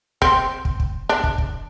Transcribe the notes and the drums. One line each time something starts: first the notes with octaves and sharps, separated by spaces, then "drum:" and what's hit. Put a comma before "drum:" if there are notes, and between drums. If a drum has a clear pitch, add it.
C4, drum: kick
drum: kick
drum: kick
D4
drum: kick
drum: kick